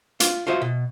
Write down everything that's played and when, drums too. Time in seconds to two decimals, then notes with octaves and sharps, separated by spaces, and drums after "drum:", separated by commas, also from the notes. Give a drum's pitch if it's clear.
0.20 F4, drum: hi-hat
0.47 F4 F#4 C5 D#5 E5
0.62 B2